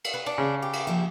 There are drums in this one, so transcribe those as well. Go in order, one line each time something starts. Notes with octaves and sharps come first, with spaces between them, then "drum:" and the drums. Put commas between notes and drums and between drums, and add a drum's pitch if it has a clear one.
drum: cymbal
B4
D4
C#3
G4
drum: cymbal
F3 A#3 E5